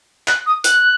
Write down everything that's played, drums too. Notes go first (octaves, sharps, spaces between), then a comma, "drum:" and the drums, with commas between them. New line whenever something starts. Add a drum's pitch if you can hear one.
F#6, drum: clap
D#6
F#6, drum: hi-hat